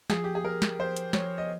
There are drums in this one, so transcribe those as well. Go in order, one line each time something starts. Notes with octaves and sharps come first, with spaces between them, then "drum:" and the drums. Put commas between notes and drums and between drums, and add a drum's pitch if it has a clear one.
F3 G#4, drum: snare
G4
G#4
F3 A#4
drum: snare
F3 C5
drum: hi-hat
F3 C#5, drum: snare
D#5